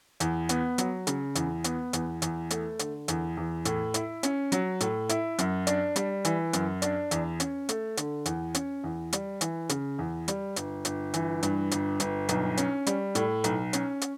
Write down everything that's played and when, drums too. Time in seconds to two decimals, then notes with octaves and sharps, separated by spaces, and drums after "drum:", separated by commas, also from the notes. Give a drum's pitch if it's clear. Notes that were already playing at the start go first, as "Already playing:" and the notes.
0.20 E2, drum: hi-hat
0.49 B3, drum: hi-hat
0.78 F#3, drum: hi-hat
1.07 C#3, drum: hi-hat
1.35 E2, drum: hi-hat
1.64 B3, drum: hi-hat
1.93 E2, drum: hi-hat
2.22 E2, drum: hi-hat
2.50 A3, drum: hi-hat
2.79 D3, drum: hi-hat
3.08 E2, drum: hi-hat
3.37 E2
3.65 A2, drum: hi-hat
3.94 E4, drum: hi-hat
4.23 C#4, drum: hi-hat
4.52 F#3, drum: hi-hat
4.80 A2, drum: hi-hat
5.09 E4, drum: hi-hat
5.39 F#2, drum: hi-hat
5.67 D4, drum: hi-hat
5.96 G3, drum: hi-hat
6.25 E3, drum: hi-hat
6.53 F#2, drum: hi-hat
6.82 D4, drum: hi-hat
7.11 E2, drum: hi-hat
7.40 C#4, drum: hi-hat
7.69 A3, drum: hi-hat
7.97 D3, drum: hi-hat
8.26 E2, drum: hi-hat
8.54 C#4, drum: hi-hat
8.84 E2
9.13 G3, drum: hi-hat
9.41 E3, drum: hi-hat
9.69 C#3, drum: hi-hat
9.99 E2
10.28 G3, drum: hi-hat
10.56 G1, drum: hi-hat
10.85 G1, drum: hi-hat
11.14 E3, drum: hi-hat
11.43 G2, drum: hi-hat
11.71 G1, drum: hi-hat
12.00 G1, drum: hi-hat
12.29 B1, drum: hi-hat
12.57 C#4, drum: hi-hat
12.86 G3, drum: hi-hat
13.15 A2, drum: hi-hat
13.44 B1, drum: hi-hat
13.73 C#4, drum: hi-hat
14.01 drum: hi-hat